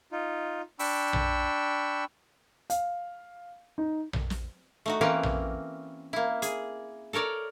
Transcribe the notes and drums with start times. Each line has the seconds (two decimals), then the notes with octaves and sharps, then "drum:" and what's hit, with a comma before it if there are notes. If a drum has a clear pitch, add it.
0.12 D#4 F4
0.79 D4 G5 B5 C#6 E6, drum: open hi-hat
1.13 drum: tom A#1
2.70 F5, drum: hi-hat
3.78 D#4
4.13 drum: tom A#1
4.30 drum: snare
4.86 A3 D#4 F#4
5.01 E3 A#3 C4 C#4 A#4 B4
5.23 drum: tom A#1
6.13 A#3 E4
6.42 G#4, drum: hi-hat
7.13 A4 A#4 C#5 D5